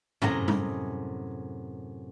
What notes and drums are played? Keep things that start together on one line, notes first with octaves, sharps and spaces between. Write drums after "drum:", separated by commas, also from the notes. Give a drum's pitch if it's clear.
F#2 A2 C3 G#4 D#5 A#5, drum: tom G2
drum: tom G3